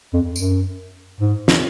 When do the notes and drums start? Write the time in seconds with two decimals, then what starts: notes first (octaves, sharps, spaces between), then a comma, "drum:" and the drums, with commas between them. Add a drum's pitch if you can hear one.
0.14 F2
0.36 F#2, drum: tambourine
1.21 G#2
1.48 drum: snare